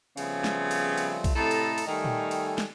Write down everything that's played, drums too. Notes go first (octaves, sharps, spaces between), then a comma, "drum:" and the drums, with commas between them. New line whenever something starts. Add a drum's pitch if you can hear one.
C#3 F3 G3 A3 B3 C4, drum: cymbal
drum: snare
drum: cymbal
drum: cymbal
drum: kick B1, cymbal
A2 C3 E4 A4 D#5 A#5
drum: cymbal
drum: cymbal
D#3 G3 A3 D#4 A4 G#5
drum: tom A#2
drum: cymbal
drum: snare